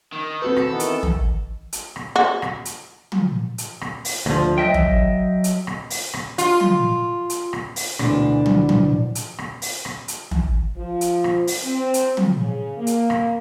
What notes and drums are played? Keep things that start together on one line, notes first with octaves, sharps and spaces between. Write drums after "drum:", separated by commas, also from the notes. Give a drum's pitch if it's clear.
D#3
C4 F#4 A4 B4
drum: rim click
D#3 E3 B3
drum: hi-hat
drum: tom
drum: hi-hat
drum: rim click
F#4
drum: rim click
drum: hi-hat
drum: tom
drum: hi-hat
drum: rim click
drum: open hi-hat
D2 F3, drum: rim click
F#3 D#5 E5 G5
drum: tom
drum: hi-hat
drum: rim click
drum: open hi-hat
drum: rim click
F4, drum: hi-hat
drum: tom
drum: hi-hat
drum: rim click
drum: open hi-hat
D2 B2 E3 D4, drum: rim click
drum: tom
drum: tom
drum: hi-hat
drum: rim click
drum: open hi-hat
drum: rim click
drum: hi-hat
drum: tom
F3
drum: hi-hat
drum: rim click
drum: open hi-hat
C4
drum: hi-hat
drum: tom
C#3
A#3
drum: hi-hat
drum: rim click